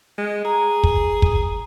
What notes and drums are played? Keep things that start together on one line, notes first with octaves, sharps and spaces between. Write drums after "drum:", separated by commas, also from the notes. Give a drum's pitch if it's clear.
G#3
G#4 A#5
drum: kick
drum: kick